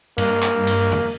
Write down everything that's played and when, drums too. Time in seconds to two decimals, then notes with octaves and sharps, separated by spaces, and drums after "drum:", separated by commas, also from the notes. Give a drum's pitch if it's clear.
0.18 G2 A#3, drum: cymbal
0.42 drum: clap
0.67 drum: cymbal
0.92 drum: tom F2